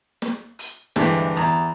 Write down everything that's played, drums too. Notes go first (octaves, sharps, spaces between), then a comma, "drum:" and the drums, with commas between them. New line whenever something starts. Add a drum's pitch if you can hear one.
drum: snare
drum: hi-hat
D2 G2 E3 G#3 D4 G4, drum: snare
E2 A#5